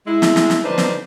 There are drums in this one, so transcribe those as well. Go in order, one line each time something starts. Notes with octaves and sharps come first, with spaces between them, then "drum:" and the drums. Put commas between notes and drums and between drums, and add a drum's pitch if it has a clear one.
G#3 E4
drum: snare
drum: snare
drum: snare
D3 F3 D4 D#4 B4 C5
drum: snare